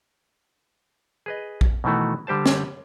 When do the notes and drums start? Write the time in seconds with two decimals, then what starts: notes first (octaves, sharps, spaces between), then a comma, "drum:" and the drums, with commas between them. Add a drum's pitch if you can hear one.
1.26 G#4 B4 D#5
1.61 drum: kick
1.84 B2 D#3 E3 A3 F#4
2.27 D3 G3 G4 C5 A5
2.46 drum: snare